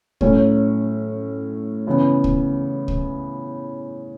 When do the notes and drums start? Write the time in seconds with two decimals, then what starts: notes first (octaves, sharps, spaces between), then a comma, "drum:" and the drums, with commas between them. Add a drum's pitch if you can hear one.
0.21 A2 F#3 C#4, drum: kick
1.87 C#3 E3 B3
2.24 drum: kick
2.88 drum: kick